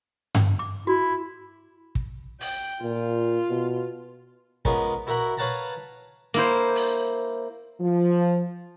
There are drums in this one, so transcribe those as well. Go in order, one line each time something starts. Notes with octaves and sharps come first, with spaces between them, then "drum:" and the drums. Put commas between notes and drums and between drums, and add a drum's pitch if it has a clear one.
drum: tom G2
D6
E4 F#4
drum: kick
G5, drum: open hi-hat
A#2 F4
B2
G#3 B3 C#4 F4 A#4, drum: kick
E4 F#4 A#4 F#5 B5
B4 C#5 F5 F#5 A5 A#5
A#3 E4 C5
drum: open hi-hat
F3